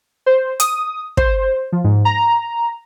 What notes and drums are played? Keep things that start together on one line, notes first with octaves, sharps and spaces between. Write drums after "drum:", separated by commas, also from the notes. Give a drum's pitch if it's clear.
C5
D#6, drum: hi-hat
C5, drum: kick
F3
G#2
A#5